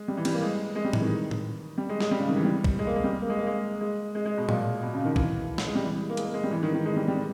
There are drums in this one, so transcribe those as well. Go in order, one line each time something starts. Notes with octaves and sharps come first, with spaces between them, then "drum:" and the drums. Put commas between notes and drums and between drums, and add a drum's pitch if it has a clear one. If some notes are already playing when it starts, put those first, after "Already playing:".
Already playing: G#3
G3
E3
G3, drum: cymbal
A#3
G#3
G#3
G3
E3, drum: tom A2
D#3
drum: tom A2
G3
G#3
G#3, drum: snare
G3
C#3
D#3
E3
G3
drum: kick A#1
G#3
A#3
G#3
G3
A#3
G#3
A#3
G#3
G#3
G#3
G#3
B2
A#2, drum: tom A2
B2
C#3
D#3
E3, drum: kick A#1
drum: snare
G#3
G3
E3
A#3
G#3, drum: hi-hat
A#3
G#3
G3
E3
D#3
D#3
G#3
G3
G3